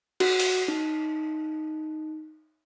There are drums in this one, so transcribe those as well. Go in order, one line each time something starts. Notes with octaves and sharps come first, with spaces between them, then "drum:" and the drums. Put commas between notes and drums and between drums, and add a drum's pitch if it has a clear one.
F#4, drum: cymbal
drum: open hi-hat
D#4